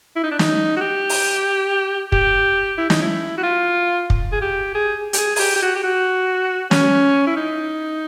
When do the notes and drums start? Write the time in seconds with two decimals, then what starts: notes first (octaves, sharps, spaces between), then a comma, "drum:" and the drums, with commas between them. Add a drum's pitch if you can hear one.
0.16 E4
0.23 D#4
0.31 D4
0.39 D#4, drum: snare
0.76 F#4
0.81 G4
1.09 drum: open hi-hat
2.12 G4, drum: kick
2.78 E4
2.90 D#4, drum: snare
3.02 E4
3.38 F#4
3.43 F4
4.10 drum: kick
4.32 G#4
4.41 G4
4.75 G#4
5.13 G4, drum: hi-hat
5.18 G#4
5.36 G#4, drum: open hi-hat
5.40 G4
5.56 G4
5.63 F#4
5.76 G4
5.84 F#4
6.71 C#4, drum: snare
7.27 E4
7.37 D#4